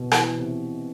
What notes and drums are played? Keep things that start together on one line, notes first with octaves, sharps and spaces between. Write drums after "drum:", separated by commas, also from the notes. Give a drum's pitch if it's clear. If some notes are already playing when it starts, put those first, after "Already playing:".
Already playing: B2
E3, drum: rim click
C3